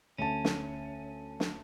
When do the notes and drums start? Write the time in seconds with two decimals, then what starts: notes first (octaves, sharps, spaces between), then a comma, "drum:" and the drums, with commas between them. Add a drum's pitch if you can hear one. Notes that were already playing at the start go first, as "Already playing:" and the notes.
0.18 D2 C#4 A5
0.45 drum: snare
1.40 drum: snare